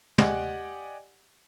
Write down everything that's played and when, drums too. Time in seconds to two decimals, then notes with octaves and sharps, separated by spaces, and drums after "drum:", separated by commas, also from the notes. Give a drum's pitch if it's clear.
0.18 G4 D5 D#5 F#5 G#5, drum: tom